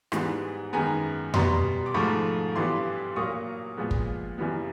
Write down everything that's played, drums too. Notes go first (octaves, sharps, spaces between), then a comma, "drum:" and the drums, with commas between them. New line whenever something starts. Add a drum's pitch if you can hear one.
G#2 E3 G3 B3, drum: rim click
F#2 D#3 G#3 B3 G#5 A#5
B2 G3 B3 A#5 C6, drum: tom F2
D6
G#2 F3 A3 B5 C#6
G2 E3 G3 B3 C6 D6
A#2 F#3 A#3 C#6 D#6
A#2 F3 G#3 B3
drum: kick
F#2 C#3 E3 G3 B3